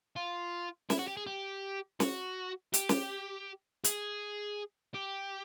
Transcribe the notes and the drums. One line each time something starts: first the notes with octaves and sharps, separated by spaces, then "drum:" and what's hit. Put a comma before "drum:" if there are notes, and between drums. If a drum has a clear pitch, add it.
F4
E4, drum: snare
F#4
G4
G#4
G4
F#4, drum: snare
G4, drum: hi-hat
drum: snare
G#4, drum: hi-hat
G4